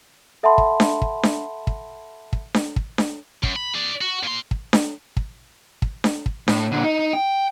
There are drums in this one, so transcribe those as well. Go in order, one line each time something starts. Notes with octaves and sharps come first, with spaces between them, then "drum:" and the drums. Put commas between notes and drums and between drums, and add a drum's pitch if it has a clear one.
A4 E5 F#5 A5 B5 C6
drum: kick
drum: snare D4
drum: kick
drum: snare D4
drum: kick
drum: kick
drum: snare D4
drum: kick
drum: snare D4
F#2, drum: kick
B5
G#4 D5
F#4
A#2 C6
drum: kick
drum: snare D4
drum: kick
drum: kick
drum: snare D4
drum: kick
A2, drum: snare D4
A#2 D3
D#4
D#4
G5